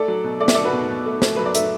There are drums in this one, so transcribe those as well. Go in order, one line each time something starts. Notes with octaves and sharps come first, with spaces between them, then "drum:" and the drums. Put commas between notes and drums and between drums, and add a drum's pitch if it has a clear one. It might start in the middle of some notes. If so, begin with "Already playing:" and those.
Already playing: A3 A4 D5
F#3
B2
A3 D5
E5, drum: snare
A3 A4 D5
F#4 B4
B2
B2
A3
A3, drum: snare
F#3 B4
D5
A3 E5, drum: hi-hat